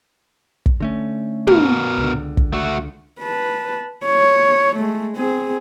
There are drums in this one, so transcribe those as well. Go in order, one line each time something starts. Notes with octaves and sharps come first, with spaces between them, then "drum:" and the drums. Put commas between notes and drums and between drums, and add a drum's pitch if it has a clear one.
drum: kick
D3 A3 C#4
B2 A#4, drum: tom
C#2 D3
drum: kick
A3 F#4
B4 A5
C#5
G#3 A3
C4 G#4